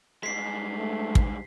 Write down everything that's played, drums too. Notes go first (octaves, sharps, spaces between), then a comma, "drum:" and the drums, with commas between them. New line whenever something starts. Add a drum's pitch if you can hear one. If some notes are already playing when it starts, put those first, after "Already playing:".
G2 G#3 B6 C7
A3
drum: kick